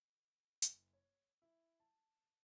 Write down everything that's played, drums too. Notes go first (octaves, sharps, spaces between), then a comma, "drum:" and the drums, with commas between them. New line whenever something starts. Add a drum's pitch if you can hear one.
F#1, drum: hi-hat
C#5
E4
A5